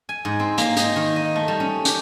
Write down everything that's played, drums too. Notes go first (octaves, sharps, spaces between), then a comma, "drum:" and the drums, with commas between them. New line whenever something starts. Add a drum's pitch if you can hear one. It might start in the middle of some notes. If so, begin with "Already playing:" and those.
G#5
G#2
C4
A#3, drum: hi-hat
D#4, drum: hi-hat
D#3
D#5
A3
G3
C#4
G4, drum: hi-hat